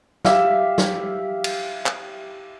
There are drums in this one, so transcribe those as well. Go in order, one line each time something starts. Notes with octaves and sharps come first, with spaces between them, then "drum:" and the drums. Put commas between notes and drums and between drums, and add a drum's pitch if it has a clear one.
G4 E5 F5, drum: snare
drum: snare
drum: cymbal
drum: clap